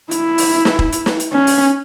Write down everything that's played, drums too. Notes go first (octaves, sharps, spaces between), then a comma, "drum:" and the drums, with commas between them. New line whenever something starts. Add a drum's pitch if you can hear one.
E4, drum: hi-hat
drum: open hi-hat
drum: snare
drum: kick
drum: hi-hat
drum: snare
drum: hi-hat
C#4
drum: open hi-hat